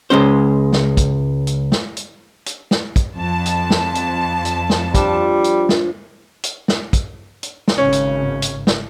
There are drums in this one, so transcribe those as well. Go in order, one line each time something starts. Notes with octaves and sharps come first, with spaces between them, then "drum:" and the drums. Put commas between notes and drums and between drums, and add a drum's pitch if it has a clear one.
C#2 G#3 C#4 C5
drum: snare
drum: kick, hi-hat
drum: hi-hat
drum: snare
drum: hi-hat
drum: hi-hat
drum: snare
drum: kick, hi-hat
F2 A5
drum: hi-hat
drum: snare
drum: hi-hat
drum: hi-hat
drum: snare
F3 G3 D4 F4, drum: kick, hi-hat
drum: hi-hat
drum: snare
drum: hi-hat
drum: snare
drum: kick, hi-hat
drum: hi-hat
drum: snare
G#1 C#3 C#4
drum: hi-hat
drum: hi-hat
drum: snare